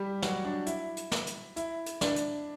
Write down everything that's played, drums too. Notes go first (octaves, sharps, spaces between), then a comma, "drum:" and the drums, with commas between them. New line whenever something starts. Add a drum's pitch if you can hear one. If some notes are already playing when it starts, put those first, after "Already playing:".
Already playing: G3 G4
F#3 F#4, drum: snare
D4
E4, drum: hi-hat
drum: hi-hat
drum: snare
drum: hi-hat
E4, drum: hi-hat
drum: hi-hat
D4, drum: snare
drum: hi-hat